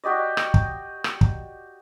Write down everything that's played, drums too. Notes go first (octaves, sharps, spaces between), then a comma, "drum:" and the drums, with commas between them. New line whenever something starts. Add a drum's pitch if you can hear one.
F#4 G4 D5 D#5
drum: rim click
drum: kick
drum: rim click
drum: kick